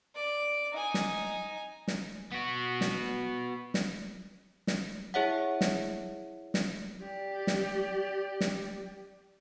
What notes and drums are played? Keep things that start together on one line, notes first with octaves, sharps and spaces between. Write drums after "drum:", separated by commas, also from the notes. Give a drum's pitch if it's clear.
D5
D#4 G#5
drum: snare
drum: snare
B3 F#4
drum: snare
drum: snare
drum: snare
E4 G#4 C#5 E5 F#5
drum: snare
drum: snare
G4 D5
drum: snare
drum: snare